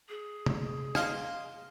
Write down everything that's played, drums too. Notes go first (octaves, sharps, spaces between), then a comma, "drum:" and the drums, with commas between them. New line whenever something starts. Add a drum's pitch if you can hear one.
G#4
drum: tom
D#5 F5 C6, drum: rim click